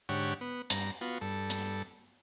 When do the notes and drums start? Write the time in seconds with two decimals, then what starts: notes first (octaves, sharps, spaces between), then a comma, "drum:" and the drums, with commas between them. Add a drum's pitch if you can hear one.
0.09 G#2 D3 G4 C#5 F#5
0.41 B3
0.70 G2 A#5, drum: hi-hat
1.01 B3 F4 F#4
1.21 G2 A4
1.50 drum: hi-hat